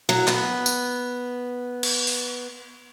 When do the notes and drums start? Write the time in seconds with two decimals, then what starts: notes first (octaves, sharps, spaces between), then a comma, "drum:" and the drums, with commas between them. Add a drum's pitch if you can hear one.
0.09 F#3
0.28 B3, drum: clap
0.66 drum: tambourine
1.83 drum: cymbal
2.07 drum: open hi-hat